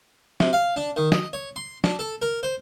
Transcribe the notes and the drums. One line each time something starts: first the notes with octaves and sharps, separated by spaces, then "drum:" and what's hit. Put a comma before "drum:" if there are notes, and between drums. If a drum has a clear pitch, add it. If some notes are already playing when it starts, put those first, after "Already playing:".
C3, drum: snare
F5
D4
D#3
D#5, drum: snare
C#5
C6
D4, drum: snare
A4
A#4
C5